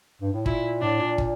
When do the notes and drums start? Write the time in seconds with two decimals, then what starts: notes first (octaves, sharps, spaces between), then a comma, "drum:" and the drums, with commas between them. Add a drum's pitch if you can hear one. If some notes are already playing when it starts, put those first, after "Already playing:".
0.22 G2
0.33 A2
0.46 A#2 E4, drum: kick
0.82 A2 D4
1.00 A#2
1.18 drum: kick